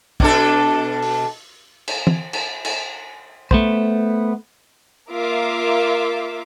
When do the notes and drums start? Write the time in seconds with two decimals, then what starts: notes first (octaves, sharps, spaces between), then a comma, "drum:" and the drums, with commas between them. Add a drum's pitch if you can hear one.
0.20 B2 D4 A4, drum: kick
1.02 drum: open hi-hat
1.88 drum: cymbal
2.07 drum: tom E3
2.33 drum: cymbal
2.65 drum: cymbal
3.51 A3 B3 C5, drum: kick
5.11 A#3 F4 A#4 E5 F5 D6